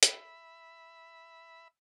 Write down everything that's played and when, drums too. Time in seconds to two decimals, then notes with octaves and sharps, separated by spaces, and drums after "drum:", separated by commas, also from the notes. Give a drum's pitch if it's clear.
0.03 E5 B5, drum: hi-hat